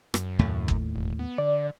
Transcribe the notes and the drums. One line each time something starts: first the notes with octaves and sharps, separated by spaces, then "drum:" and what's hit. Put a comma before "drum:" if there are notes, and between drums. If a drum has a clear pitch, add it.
F#2, drum: rim click
D#2 A2 A3
drum: kick
E1
B3
D3 D5